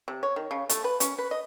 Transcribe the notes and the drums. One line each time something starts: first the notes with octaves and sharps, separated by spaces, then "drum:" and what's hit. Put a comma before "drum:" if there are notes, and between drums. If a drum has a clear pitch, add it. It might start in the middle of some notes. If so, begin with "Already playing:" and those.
C3
C#5
D#3
C#3
A3, drum: hi-hat
B4
C#4, drum: hi-hat
B4
D#5